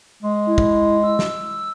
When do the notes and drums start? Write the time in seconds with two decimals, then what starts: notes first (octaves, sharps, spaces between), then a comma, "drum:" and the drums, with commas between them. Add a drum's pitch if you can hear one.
0.23 G#3
0.47 E4
0.58 drum: kick
1.04 E6
1.19 drum: snare